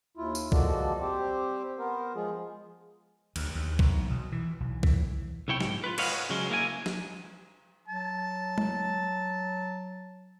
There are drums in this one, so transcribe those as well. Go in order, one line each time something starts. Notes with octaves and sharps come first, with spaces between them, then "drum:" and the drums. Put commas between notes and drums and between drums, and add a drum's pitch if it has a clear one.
D#2 E4 F4
drum: tambourine
F3 G#3 A#3 F#4 A4 D5, drum: kick B1
G3 C4 G4 C5
B3 A#4 C5
F3 G#3 F4 G#4
D2, drum: cymbal
D#2
B1, drum: kick B1
B2
E3
B1
E3, drum: kick B1
B1 C3 E4 C#5 G5
G#2, drum: snare
F4 B4
B4 C#5 D#5 F5 F#5, drum: cymbal
C#3 F#3 G#3
A#3 E4 A#4 E5 G#5
drum: snare
F#3 A5
drum: tom G#3